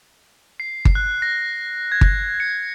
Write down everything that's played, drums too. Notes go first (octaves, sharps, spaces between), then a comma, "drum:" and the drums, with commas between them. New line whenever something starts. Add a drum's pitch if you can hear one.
C7
drum: kick G1
F#6
A#6
G#6
drum: kick G1
C#7